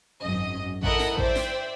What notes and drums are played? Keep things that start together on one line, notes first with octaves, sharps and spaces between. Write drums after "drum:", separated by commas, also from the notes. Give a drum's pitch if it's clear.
G#1 F#2 D#5
E4 A4 A#4 D#5 E5 F#5, drum: kick A1
drum: snare
C5 D5 E5 G5, drum: kick A1
drum: snare